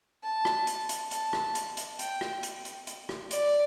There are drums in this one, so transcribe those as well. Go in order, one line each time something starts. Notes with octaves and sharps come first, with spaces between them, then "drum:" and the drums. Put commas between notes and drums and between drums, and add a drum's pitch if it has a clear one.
A5
drum: rim click
drum: hi-hat
drum: hi-hat
A5, drum: hi-hat
drum: rim click
drum: hi-hat
drum: hi-hat
G5, drum: hi-hat
drum: rim click
drum: hi-hat
drum: hi-hat
drum: hi-hat
drum: rim click
D5, drum: hi-hat